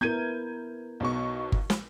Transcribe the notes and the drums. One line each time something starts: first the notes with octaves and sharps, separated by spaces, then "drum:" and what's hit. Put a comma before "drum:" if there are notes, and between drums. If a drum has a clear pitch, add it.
B3 E4 A#4 G6 G#6 D#7
B1 B2 C#6
drum: kick G1
drum: snare